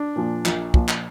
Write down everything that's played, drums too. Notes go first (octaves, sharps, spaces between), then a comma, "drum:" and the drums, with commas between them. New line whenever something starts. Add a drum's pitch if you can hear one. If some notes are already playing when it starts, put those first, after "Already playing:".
Already playing: D4
A#2 F3
A#1, drum: clap
A#2 F3, drum: kick
drum: clap